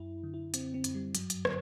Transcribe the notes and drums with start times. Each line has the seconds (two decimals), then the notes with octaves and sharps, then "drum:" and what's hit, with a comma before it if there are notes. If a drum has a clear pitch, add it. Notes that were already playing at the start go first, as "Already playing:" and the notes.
Already playing: F#2 E4
0.23 D3
0.34 E4
0.54 D3 C4, drum: hi-hat
0.74 C4
0.84 F#2, drum: hi-hat
0.95 G3
1.15 G2 F#3, drum: hi-hat
1.30 drum: hi-hat
1.45 D3, drum: rim click